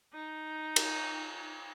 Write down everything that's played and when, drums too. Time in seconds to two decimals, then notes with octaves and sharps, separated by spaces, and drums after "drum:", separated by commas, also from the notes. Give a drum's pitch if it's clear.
0.13 D#4
0.76 drum: cymbal